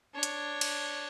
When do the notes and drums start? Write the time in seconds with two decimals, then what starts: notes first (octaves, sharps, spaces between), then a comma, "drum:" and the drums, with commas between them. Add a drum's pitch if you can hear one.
0.14 D4 C#5
0.23 drum: hi-hat
0.61 drum: cymbal